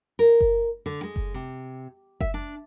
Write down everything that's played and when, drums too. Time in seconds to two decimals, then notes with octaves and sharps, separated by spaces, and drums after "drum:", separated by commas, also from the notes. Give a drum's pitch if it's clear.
0.19 A#4
0.41 drum: kick F#1
0.86 D3
1.03 G#3
1.16 drum: kick F#1
1.34 C3
2.20 E5, drum: kick F#1
2.34 D4